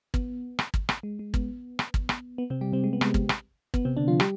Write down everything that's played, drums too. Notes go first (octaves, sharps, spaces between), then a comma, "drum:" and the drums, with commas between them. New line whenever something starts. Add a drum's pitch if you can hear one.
B3, drum: kick
drum: rim click
drum: kick
drum: rim click
G#3
G#3
B3, drum: kick
drum: rim click
drum: kick
drum: rim click
B3
C3 C4
G3 G4
C3 C4
G#3
B3
G#3, drum: rim click
drum: kick
drum: rim click
B3, drum: kick
C3 C4
D3 D4
F3 F4
G3 G4, drum: rim click